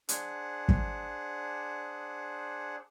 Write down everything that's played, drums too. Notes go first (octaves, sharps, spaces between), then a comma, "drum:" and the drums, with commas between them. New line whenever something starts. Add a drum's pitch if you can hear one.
D4 G#4 C5 F#5, drum: hi-hat
drum: kick